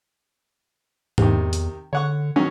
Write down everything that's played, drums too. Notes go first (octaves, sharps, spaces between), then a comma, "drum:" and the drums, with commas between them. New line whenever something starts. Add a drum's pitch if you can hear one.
E2 C3 D#3, drum: tom G#2
drum: hi-hat
D3 C#5 F#5 C#6
D#3 F#3 C#4